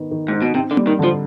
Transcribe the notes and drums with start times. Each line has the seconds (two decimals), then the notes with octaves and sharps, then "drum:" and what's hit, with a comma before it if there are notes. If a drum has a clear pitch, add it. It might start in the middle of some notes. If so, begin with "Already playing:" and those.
Already playing: D#3 B3
0.11 D#3
0.28 G#2 D#4
0.42 B2
0.54 C3 C4
0.71 D3
0.77 G3, drum: tom A#3
0.87 D#3
0.99 D3 F3